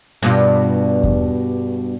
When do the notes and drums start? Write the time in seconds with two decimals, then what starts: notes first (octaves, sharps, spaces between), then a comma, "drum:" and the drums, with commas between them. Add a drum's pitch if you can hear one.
0.22 G2 B2 F4
1.04 drum: kick E2